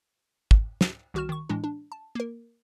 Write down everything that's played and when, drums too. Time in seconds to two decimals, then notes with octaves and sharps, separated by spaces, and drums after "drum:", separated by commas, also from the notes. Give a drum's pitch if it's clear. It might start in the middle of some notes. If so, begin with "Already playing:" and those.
0.51 drum: kick
0.81 drum: snare
1.14 C2 D#3 F#4 C#6 F6 E7
1.29 D#3 C#6
1.49 A2 E3 G#3 D4
1.64 D4
1.92 A5
2.15 A#3 A#4